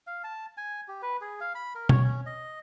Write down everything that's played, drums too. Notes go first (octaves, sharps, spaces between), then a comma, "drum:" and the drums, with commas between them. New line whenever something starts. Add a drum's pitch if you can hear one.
F5
A5
G#5
G4
B4
G#4
F5
B5
A#4
C#5, drum: tom
C#4
D#5